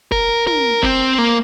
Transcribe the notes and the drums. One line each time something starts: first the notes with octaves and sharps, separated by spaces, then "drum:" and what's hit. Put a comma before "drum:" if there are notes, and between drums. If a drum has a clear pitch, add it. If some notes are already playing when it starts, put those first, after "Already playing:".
A#4, drum: kick
A#4, drum: tom
C4, drum: kick
A#3